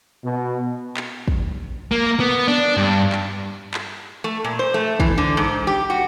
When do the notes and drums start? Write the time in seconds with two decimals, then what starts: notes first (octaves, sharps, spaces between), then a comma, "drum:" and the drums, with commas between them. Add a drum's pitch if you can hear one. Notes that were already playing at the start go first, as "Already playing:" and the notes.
0.23 B2
0.97 drum: clap
1.28 drum: kick
1.92 A#3
2.20 B3
2.48 D4
2.77 G2
3.12 drum: clap
3.74 drum: clap
4.24 A3
4.45 A#2
4.59 C5
4.74 A3
5.00 E3, drum: kick
5.18 D3
5.37 G#2
5.67 G4
5.90 F#4